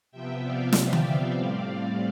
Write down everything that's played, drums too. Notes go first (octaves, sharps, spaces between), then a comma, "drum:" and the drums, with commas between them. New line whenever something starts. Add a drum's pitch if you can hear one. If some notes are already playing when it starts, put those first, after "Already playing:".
C3 F3 B3 E5 G5
D5 F5
drum: snare
drum: tom D3
A2 G3 C4